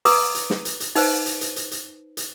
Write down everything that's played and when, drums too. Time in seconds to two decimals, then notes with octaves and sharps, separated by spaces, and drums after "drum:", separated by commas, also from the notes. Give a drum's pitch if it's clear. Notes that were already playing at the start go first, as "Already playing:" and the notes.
0.05 B4 A#5 C6 D6 D#6, drum: open hi-hat
0.35 drum: hi-hat
0.50 drum: snare
0.65 drum: hi-hat
0.80 drum: hi-hat
0.95 D#4 B4 C5, drum: open hi-hat
1.26 drum: hi-hat
1.41 drum: hi-hat
1.56 drum: hi-hat
1.71 drum: hi-hat
2.17 drum: hi-hat